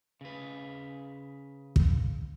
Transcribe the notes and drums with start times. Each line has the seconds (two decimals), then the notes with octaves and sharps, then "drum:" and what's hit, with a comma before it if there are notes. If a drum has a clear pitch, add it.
0.21 C#3 B4
1.76 drum: kick